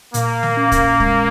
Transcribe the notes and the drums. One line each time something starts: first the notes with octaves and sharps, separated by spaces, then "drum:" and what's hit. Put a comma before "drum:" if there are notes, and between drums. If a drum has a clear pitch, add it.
A#2 A#3, drum: hi-hat
drum: snare
C#4
drum: kick, hi-hat
G#3, drum: kick